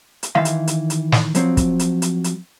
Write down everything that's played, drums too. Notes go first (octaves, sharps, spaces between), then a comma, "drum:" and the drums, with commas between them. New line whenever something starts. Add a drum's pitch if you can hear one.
drum: hi-hat
D#3 E3 E5 F5 C6
drum: hi-hat
drum: hi-hat
drum: hi-hat
drum: snare
F3 F#3 C4, drum: hi-hat
drum: kick, hi-hat
drum: hi-hat
drum: hi-hat
drum: hi-hat